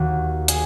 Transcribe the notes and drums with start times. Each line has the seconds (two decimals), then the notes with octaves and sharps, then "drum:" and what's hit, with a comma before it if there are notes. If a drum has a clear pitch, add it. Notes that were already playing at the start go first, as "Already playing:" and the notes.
Already playing: D#2 D#3 F#4
0.48 G#4, drum: hi-hat